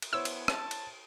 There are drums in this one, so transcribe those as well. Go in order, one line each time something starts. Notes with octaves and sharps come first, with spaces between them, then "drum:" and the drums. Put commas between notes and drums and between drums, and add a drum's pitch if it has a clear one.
drum: cymbal
B3 E4 C5 C#5 E6
drum: cymbal
A5, drum: rim click
drum: cymbal